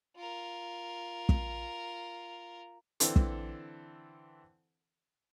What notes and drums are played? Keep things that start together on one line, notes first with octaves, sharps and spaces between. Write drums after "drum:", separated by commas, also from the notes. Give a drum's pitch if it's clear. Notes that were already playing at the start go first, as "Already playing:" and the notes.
F4 A#4
drum: kick
D3 E3 C4 E4 A4, drum: hi-hat
drum: kick